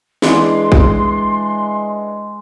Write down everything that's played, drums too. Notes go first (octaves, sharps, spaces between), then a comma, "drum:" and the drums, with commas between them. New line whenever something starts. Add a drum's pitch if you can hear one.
E3 G#3 D4 C6, drum: snare
drum: kick